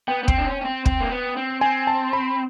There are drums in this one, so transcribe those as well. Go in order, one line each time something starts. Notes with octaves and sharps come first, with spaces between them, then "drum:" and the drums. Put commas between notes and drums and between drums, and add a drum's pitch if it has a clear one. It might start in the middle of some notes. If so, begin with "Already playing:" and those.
B3 G5
B3
C4, drum: kick
D4
C#4
C#4
C4
C4, drum: kick
A#3
B3
C4
C4 G#5
A5
B5